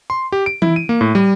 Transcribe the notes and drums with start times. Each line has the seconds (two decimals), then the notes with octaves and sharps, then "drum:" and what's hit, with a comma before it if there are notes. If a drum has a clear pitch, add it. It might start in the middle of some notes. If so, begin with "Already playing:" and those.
0.10 C6
0.32 G4
0.46 D7
0.62 E4, drum: tom E3
0.76 D#7
0.89 A#3
1.01 A2
1.15 G3